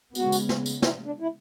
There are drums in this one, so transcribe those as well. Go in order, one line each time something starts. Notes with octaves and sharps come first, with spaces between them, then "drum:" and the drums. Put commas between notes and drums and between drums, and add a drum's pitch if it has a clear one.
C#3 G#3 B3 F#4, drum: tambourine
drum: tambourine
drum: snare
drum: tambourine
E4, drum: snare
D4
E4